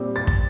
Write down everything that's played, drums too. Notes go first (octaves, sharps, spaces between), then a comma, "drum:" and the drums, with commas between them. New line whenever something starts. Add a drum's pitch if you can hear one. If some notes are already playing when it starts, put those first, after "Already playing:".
Already playing: A#2 G3 C4
A6
drum: kick